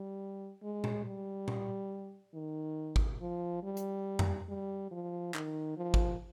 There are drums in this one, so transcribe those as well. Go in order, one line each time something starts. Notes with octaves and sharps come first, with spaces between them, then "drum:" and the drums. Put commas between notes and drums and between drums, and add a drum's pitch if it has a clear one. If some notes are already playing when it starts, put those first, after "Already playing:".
Already playing: G3
G#3
drum: tom A#2
G3
drum: tom A#2
D#3
drum: kick
F3
G3
drum: hi-hat
drum: tom F2
G3
F3
D#3, drum: clap
F3
drum: kick